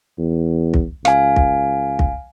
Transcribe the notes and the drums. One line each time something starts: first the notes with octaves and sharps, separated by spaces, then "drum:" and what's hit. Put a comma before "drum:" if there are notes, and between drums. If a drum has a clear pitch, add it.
E2
drum: kick
C#2 F5 G#5, drum: rim click
drum: kick
drum: kick